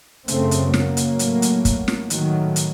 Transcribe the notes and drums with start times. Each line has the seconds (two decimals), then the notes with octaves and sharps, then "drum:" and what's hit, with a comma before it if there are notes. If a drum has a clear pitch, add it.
0.28 F#2 C#3 A3 C4, drum: hi-hat
0.51 drum: hi-hat
0.74 F#3 A#3, drum: snare
0.97 drum: hi-hat
1.19 A2, drum: hi-hat
1.42 drum: hi-hat
1.65 drum: kick, hi-hat
1.88 drum: snare
2.10 A2 D#3 F#3, drum: hi-hat
2.56 drum: hi-hat